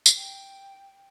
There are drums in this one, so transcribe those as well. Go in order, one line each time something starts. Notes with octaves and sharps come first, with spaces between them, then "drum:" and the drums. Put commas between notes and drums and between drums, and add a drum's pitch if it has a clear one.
drum: tambourine
G5